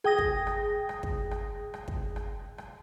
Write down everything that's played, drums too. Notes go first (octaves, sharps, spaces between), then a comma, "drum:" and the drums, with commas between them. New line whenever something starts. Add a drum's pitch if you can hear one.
G#4 G5 D#6 A#6, drum: rim click
drum: kick
drum: rim click
drum: rim click
drum: kick
drum: rim click
drum: rim click
drum: kick
drum: rim click
drum: rim click